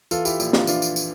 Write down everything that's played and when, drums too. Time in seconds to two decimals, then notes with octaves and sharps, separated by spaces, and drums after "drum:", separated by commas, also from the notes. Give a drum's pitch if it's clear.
0.11 E3 F4 A4, drum: tambourine
0.25 E4 G4, drum: tambourine
0.40 A#1, drum: tambourine
0.53 D4 F4, drum: snare
0.67 E3 D4 F4, drum: tambourine
0.82 drum: tambourine
0.96 drum: tambourine